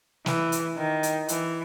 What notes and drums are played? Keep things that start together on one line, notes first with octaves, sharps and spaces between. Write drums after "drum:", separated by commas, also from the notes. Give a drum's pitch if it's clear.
E3, drum: snare
drum: hi-hat
D#3
drum: hi-hat
E3, drum: hi-hat